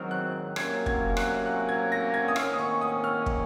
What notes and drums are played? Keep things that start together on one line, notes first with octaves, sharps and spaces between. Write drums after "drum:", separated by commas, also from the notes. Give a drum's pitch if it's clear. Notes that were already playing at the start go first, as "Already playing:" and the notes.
Already playing: G#2 D#3 F#3 C4 F6
F#6
C3 F#3 A#3 C#4 G#6, drum: rim click
G#6, drum: kick
F#6, drum: rim click
F#6
G#6
A#6
G#6
D#6
D#3 A#3 C#4 F6, drum: rim click
D#6
C#6
D#6
F6
drum: kick